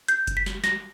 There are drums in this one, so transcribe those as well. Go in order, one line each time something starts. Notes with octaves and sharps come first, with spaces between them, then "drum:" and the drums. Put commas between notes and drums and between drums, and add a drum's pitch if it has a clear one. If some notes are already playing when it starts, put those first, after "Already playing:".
G6, drum: hi-hat
drum: kick F#1, hi-hat
B6
drum: snare
A#6, drum: snare